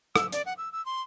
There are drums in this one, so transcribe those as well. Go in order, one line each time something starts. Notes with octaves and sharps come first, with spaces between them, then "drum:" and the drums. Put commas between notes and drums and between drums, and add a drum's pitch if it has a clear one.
E6, drum: rim click
D5, drum: hi-hat
F#5
E6
E6
C6